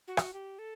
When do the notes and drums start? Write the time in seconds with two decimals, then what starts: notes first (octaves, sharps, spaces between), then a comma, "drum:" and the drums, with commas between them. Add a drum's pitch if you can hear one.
0.08 F#4
0.17 drum: rim click
0.33 G4
0.59 A4